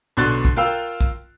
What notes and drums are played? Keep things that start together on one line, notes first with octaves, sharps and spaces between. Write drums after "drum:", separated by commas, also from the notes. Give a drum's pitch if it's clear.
B1 B2 D3 F#6 A6
drum: kick
F4 A#4 F5 G5 E6
drum: kick